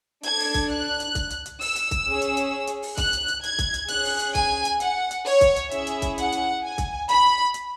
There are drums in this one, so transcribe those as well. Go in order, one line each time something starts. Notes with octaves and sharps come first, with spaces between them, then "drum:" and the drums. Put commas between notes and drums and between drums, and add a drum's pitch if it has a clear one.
D4 G#6, drum: hi-hat
A4
drum: open hi-hat
drum: kick C2, hi-hat
F#6
drum: hi-hat
drum: kick C2, hi-hat
drum: hi-hat
drum: hi-hat
E6, drum: open hi-hat
drum: hi-hat
drum: kick C2, hi-hat
C#4 G#4
drum: hi-hat
drum: hi-hat
drum: hi-hat
drum: open hi-hat
F#6, drum: kick C2, hi-hat
drum: hi-hat
drum: hi-hat
G#6, drum: hi-hat
drum: kick C2, hi-hat
drum: hi-hat
C#4 G#4 F#6, drum: hi-hat
drum: open hi-hat
drum: hi-hat
G#5, drum: kick C2, hi-hat
drum: hi-hat
F#5, drum: hi-hat
drum: hi-hat
C#5, drum: open hi-hat
drum: kick C2, hi-hat
drum: hi-hat
C#4 E4 G#4 E5, drum: hi-hat
drum: hi-hat
drum: kick C2, hi-hat
F#5, drum: hi-hat
drum: hi-hat
G#5
drum: kick C2, hi-hat
B5, drum: hi-hat
drum: hi-hat